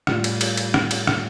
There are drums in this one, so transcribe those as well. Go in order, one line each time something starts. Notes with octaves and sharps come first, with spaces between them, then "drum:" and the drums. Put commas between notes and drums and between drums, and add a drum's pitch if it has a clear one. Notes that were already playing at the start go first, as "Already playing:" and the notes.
A2 G3 F4, drum: rim click
drum: cymbal
drum: cymbal
drum: cymbal
drum: rim click
drum: cymbal
drum: rim click